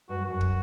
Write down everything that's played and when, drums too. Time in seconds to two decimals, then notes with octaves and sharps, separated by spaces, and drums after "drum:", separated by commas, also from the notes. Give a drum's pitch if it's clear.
0.09 G2 F#4
0.19 F#2
0.25 F#4
0.30 F#2
0.41 drum: kick